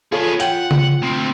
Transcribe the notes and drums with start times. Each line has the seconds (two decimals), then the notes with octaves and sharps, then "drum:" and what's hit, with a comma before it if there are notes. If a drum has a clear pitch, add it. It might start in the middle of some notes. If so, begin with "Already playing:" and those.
0.12 B3 F4 G#4 A4 C#5
0.40 F4 F#5 G5, drum: hi-hat
0.71 drum: tom C#3
1.02 D2 C4